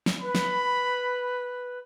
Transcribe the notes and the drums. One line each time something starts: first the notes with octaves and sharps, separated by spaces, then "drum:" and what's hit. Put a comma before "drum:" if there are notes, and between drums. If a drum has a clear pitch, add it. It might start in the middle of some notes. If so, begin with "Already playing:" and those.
drum: snare
B4 B5
drum: snare